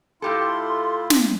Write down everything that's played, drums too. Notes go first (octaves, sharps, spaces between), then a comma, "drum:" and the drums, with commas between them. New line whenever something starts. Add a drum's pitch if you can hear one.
A2 E4 F4 G4 A4 C6
drum: snare